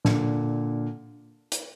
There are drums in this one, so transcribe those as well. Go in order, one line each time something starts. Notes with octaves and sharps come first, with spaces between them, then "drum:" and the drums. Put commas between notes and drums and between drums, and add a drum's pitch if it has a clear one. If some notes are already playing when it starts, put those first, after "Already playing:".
A#2 D3, drum: snare
drum: hi-hat